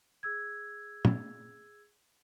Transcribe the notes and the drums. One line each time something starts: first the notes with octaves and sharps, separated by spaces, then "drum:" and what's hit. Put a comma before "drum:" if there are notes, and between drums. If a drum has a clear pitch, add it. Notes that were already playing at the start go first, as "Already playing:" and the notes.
G#4 E6 G#6
drum: tom